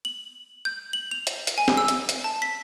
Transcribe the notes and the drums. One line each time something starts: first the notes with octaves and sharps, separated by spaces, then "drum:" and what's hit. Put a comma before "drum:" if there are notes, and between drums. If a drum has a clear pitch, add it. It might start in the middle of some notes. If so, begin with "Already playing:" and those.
F#7
G6
F#7
F7
drum: hi-hat
drum: hi-hat
G#5
drum: snare
E6
drum: hi-hat
drum: hi-hat
A5
B6